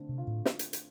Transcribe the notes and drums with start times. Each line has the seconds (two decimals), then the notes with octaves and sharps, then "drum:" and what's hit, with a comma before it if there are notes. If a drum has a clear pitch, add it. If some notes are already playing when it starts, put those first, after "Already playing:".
Already playing: D3 A3 C4
0.09 C3
0.18 F4
0.27 A2
0.45 drum: snare
0.59 drum: hi-hat
0.73 drum: hi-hat